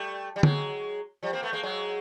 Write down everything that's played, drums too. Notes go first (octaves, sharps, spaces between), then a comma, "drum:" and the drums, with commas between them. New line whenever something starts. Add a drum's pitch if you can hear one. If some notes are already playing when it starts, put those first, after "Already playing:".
Already playing: G3 A3
G3
F#3 G#3, drum: tom
F3 G3
A#3 C4
A3 B3
G#3 A#3
F#3 G#3